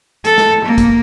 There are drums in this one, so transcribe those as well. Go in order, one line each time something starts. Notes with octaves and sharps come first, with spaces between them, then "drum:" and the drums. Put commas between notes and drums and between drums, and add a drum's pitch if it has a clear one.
A4, drum: hi-hat
drum: snare
A#3
drum: kick, hi-hat